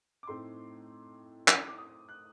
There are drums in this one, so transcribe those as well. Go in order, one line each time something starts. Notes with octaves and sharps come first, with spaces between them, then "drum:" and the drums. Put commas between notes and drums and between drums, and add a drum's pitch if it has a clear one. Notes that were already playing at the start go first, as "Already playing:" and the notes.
D6
A2 A3 C4 D#4 C6
D6, drum: clap
D6
D#6
F#6